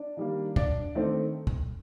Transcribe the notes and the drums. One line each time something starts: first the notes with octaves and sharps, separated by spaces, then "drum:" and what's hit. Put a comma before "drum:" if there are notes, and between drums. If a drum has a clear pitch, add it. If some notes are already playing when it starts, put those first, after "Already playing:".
Already playing: D4 D5
D#3 G3 A#3
D4 D5, drum: kick
D#3 A3 C4
drum: kick